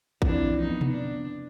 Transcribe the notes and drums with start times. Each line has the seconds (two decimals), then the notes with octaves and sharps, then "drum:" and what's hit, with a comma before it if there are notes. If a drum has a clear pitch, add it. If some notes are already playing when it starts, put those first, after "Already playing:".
0.22 F2 E3 D4, drum: kick
0.61 B3 D#4
0.81 drum: tom B2
0.91 D4